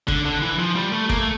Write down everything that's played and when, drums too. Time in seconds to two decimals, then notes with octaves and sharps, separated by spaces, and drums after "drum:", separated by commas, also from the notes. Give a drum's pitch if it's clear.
0.08 D3, drum: kick
0.25 D3
0.42 E3
0.59 F3
0.75 G3
0.92 A3
1.10 A#3, drum: kick
1.18 A3